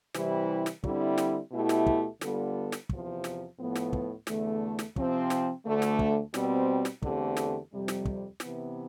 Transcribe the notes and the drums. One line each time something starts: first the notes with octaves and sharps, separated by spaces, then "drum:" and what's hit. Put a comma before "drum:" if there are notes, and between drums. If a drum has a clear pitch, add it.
C3 E3 G3 C4 E4, drum: snare
drum: snare
D3 G3 C4 E4, drum: kick
drum: snare
B2 A3 E4 G4
drum: snare
drum: kick
D3 G3 B3 F4 A4, drum: snare
drum: snare
E2 C3 F3, drum: kick
drum: snare
A2 F3 B3
drum: snare
drum: kick
E2 D3 A3, drum: snare
drum: snare
C3 F3 C4, drum: kick
drum: snare
D2 D3 A3
drum: snare
drum: kick
B2 G3 C4, drum: snare
drum: snare
E2 D3 A3 C4 G4, drum: kick
drum: snare
F2 C3 G3
drum: snare
drum: kick
C3 E3 B3, drum: snare